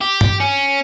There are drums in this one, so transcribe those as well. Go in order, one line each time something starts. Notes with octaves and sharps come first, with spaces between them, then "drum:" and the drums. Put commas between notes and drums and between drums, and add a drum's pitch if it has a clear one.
G4
drum: tom
C#4